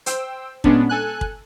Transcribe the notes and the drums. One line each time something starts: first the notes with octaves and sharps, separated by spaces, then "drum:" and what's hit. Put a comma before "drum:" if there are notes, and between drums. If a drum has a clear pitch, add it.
C5 G5 E6, drum: hi-hat
A#2 G#3 B3 C#4 D4, drum: kick
A4 G#5 F#6
drum: kick